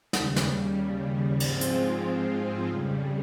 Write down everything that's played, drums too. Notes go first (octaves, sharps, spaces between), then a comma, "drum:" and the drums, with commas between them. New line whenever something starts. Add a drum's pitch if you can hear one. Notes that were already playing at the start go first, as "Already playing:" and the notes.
D#2 C#3 G3, drum: snare
drum: snare
G#2 F3 G#3 C4 F4, drum: cymbal
drum: hi-hat
F2 C#3 G3